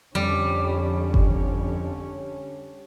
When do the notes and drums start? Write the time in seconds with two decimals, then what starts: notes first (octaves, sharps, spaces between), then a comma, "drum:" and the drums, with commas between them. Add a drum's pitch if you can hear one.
0.15 F2 D3 G3 C#4
1.14 drum: kick G1